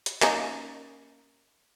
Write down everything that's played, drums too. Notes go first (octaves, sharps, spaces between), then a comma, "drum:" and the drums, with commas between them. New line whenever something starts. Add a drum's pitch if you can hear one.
drum: hi-hat
A#3 C#4 D#4, drum: clap